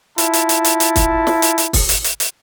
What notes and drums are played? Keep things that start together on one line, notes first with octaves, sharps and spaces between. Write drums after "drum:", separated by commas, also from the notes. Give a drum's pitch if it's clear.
E4 F4 A5, drum: hi-hat
drum: hi-hat
drum: hi-hat
drum: hi-hat
drum: hi-hat
drum: kick, hi-hat
drum: snare
drum: hi-hat
drum: hi-hat
drum: kick, open hi-hat
drum: hi-hat
drum: hi-hat
drum: hi-hat